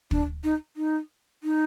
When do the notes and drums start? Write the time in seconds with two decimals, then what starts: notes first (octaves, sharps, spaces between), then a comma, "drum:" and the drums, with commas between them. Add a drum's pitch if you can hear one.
0.11 D4, drum: kick
0.44 D#4
0.77 D#4
1.44 D#4